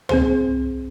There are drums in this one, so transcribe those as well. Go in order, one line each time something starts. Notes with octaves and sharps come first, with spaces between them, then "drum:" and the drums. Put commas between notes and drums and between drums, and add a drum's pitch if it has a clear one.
C4 G#4 C5, drum: tom C#2